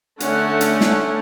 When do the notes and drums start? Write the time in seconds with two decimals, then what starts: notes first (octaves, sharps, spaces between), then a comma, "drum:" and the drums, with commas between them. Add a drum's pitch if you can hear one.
0.20 D3 A3 C#4 F#5, drum: hi-hat
0.61 drum: hi-hat
0.81 drum: snare